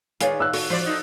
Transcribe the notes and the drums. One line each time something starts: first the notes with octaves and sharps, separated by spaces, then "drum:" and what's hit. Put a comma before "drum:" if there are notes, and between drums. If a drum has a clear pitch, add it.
D#3 F4 G#4 B4 C#5 D5, drum: hi-hat
E6 F#6
F#4 A4, drum: open hi-hat
F3 C5 D5
D#4 A4